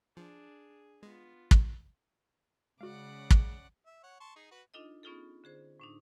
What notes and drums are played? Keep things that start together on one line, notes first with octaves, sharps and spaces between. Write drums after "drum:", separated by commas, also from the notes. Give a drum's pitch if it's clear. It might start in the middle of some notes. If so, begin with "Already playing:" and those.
F3 D4 G#4
G#3 B3 F4
drum: kick
C#3 G#3 F#4 G#4 D5 F5 F#5
drum: kick
E5
C#5 F#5
A5 C6 C#6
D#4 G#4
F#4 B4
D4 D#4 F4 A4 D#5
B3 C#4 D#4 F4 G#4 A4
D3 G#4 C5
A2 D4 D#4